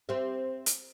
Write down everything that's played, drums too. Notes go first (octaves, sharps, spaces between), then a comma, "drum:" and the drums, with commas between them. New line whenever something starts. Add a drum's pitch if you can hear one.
C4 G4 E5
drum: hi-hat